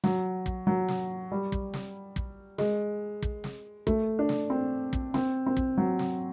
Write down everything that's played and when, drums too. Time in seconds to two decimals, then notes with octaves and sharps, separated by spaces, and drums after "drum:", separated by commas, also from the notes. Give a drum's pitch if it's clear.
0.04 F#3, drum: snare
0.46 drum: kick
0.67 F#3
0.88 drum: snare
1.32 G3
1.52 drum: kick
1.74 drum: snare
2.16 drum: kick
2.58 G#3, drum: snare
3.22 drum: kick
3.44 drum: snare
3.87 A3, drum: kick
4.19 D4
4.29 drum: snare
4.50 C4
4.93 drum: kick
5.14 C4, drum: snare
5.47 C4
5.57 drum: kick
5.77 F#3
5.99 drum: snare